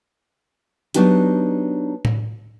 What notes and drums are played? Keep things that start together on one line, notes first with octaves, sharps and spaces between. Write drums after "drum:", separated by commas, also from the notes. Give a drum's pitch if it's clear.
F#3 A#3 B3 D4 D#4 G4, drum: hi-hat
drum: tom A2